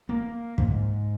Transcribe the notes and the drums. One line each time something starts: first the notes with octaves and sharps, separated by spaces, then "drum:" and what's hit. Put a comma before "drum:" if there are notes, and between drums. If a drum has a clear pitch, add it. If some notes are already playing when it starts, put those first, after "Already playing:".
A#3
G#2, drum: kick